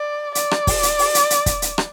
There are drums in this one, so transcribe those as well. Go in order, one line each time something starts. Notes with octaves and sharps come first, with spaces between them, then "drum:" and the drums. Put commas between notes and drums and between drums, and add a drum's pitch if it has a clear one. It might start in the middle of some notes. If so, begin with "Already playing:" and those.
Already playing: D5
D5, drum: hi-hat
drum: rim click
drum: kick, open hi-hat
drum: hi-hat
drum: open hi-hat
drum: hi-hat
drum: hi-hat
drum: kick, hi-hat
drum: hi-hat
drum: rim click